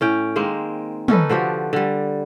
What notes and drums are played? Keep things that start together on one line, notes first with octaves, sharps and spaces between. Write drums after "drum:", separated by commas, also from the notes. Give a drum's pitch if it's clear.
A2 C#4 G5
D#3 G#3 A#3 C4
C#4 D#4 A4 B4, drum: tom
D3 F3 F#4 G4
D3 G3